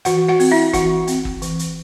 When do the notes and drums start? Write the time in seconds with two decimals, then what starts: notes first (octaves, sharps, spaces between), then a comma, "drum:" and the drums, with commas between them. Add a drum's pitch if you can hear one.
0.05 E3 F#4 F#5, drum: hi-hat
0.29 F#4 F#5
0.40 C4, drum: open hi-hat
0.51 E4 E5
0.73 E3 F#4 F#5, drum: kick G1, hi-hat
1.07 C4, drum: hi-hat
1.25 drum: kick G1
1.42 E3, drum: hi-hat
1.59 drum: hi-hat